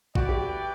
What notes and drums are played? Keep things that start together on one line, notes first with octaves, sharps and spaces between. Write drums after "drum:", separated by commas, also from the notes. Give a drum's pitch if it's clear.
E4 F#4 B4 D5 G5, drum: kick A1
G4